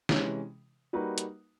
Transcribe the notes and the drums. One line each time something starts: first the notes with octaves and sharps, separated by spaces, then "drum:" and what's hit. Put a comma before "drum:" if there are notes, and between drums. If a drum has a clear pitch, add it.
C3 E3 G#3 C#4, drum: snare
G3 A#3 D#4 F#4 B4
drum: hi-hat